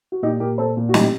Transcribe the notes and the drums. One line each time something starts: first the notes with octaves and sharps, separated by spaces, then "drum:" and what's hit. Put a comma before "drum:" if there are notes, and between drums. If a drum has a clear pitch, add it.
F#4
A#2 D#4 G4
A#2 G4 A#4
A#2 A4 C5
A#2
F#4
A2 D#4 G4, drum: snare